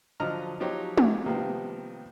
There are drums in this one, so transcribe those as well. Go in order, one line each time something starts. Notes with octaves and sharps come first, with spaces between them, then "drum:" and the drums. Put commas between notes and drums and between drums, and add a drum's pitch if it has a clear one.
D3 F3 F#3 D#5 A#5 F6
F3 F#3 D#4 G4 C5 C#5
drum: tom
C3 D#3 F3 G3 A#3 B3